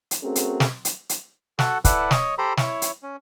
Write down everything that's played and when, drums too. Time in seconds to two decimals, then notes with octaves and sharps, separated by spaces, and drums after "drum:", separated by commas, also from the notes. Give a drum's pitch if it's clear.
0.11 drum: hi-hat
0.22 A3 C4 C#4 F#4 G#4 A#4
0.36 drum: hi-hat
0.60 drum: snare
0.85 drum: hi-hat
1.09 drum: hi-hat
1.59 F#4 A4 F#5, drum: snare
1.85 E4 A4 B4 D5 F#5, drum: kick, hi-hat
2.11 C#5 D#5, drum: snare
2.38 G4 A4 C5 A#5 B5
2.57 E4 C#5, drum: snare
2.82 drum: hi-hat
3.03 C#4